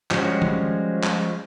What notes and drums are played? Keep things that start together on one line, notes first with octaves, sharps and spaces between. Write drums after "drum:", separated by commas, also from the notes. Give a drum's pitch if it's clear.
F3 G3 G#3 C#4 F#4, drum: clap
drum: tom D#3
drum: clap